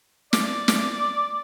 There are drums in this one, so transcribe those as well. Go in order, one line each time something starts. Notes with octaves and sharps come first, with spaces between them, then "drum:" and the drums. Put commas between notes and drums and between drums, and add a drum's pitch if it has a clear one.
D5, drum: snare
drum: snare